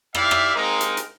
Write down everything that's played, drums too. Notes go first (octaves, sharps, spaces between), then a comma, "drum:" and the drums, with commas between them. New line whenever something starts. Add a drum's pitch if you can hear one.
E4 G4 D5 E5 F5, drum: rim click
drum: rim click
G#3 A#3 C4 D#4 A#4
drum: hi-hat
drum: hi-hat